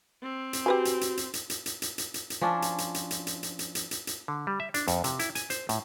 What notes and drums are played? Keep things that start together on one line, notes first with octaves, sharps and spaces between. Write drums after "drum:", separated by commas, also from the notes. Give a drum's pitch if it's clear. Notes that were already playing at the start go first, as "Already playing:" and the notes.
C4
drum: hi-hat
F#4 G4 B4 G#5
drum: hi-hat
drum: hi-hat
drum: hi-hat
drum: hi-hat
drum: hi-hat
drum: hi-hat
drum: hi-hat
drum: hi-hat
drum: hi-hat
drum: hi-hat
F3 C#4 D4
drum: hi-hat
drum: hi-hat
drum: hi-hat
drum: hi-hat
drum: hi-hat
drum: hi-hat
drum: hi-hat
drum: hi-hat
drum: hi-hat
drum: hi-hat
D3
G3
E5
D4, drum: hi-hat
F2, drum: hi-hat
C3, drum: hi-hat
E4, drum: hi-hat
G#5, drum: hi-hat
C5, drum: hi-hat
A2, drum: hi-hat